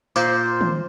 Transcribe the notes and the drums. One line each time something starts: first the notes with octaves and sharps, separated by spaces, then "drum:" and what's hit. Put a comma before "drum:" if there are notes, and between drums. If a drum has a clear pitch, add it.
A#2 C5 D6 G6, drum: tambourine
drum: tom D#3